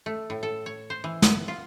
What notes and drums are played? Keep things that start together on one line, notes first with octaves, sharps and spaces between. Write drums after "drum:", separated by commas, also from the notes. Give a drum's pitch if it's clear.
A3
A2
A4
C#5
C5
E3
B3, drum: snare
F4